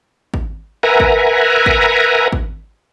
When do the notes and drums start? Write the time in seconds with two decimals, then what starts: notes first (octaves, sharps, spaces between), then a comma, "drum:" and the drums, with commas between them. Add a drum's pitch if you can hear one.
0.34 drum: kick
0.83 A#4 B4 E5 F#5 G#5 A#5
1.00 drum: kick
1.66 drum: kick
2.33 drum: kick